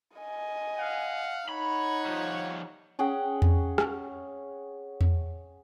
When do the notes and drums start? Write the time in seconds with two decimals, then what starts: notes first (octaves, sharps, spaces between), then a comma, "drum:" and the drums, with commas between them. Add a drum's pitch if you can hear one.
0.18 D#5 G#5
0.78 F5 F#5
1.49 D#4 C#5 F#5 B5
2.05 F3 G3
2.99 C#4 G#4 F#5 G5
3.42 drum: tom E2
3.78 drum: rim click
5.01 drum: tom E2